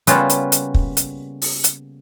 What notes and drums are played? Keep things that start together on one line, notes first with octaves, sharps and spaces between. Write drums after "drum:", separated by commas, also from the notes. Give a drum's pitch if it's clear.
C#3 G3 A#3 B3 F4, drum: hi-hat
drum: hi-hat
drum: hi-hat
drum: kick
drum: hi-hat
drum: open hi-hat
drum: hi-hat